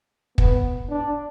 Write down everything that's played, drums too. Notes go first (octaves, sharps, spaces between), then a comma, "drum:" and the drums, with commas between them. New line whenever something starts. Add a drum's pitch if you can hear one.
B3, drum: kick
D4